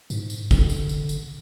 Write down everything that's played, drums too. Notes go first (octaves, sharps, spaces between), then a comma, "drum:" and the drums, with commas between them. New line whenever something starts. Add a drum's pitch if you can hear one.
G#2, drum: tambourine
drum: tambourine
D3, drum: kick, tambourine
drum: tambourine
drum: tambourine
drum: tambourine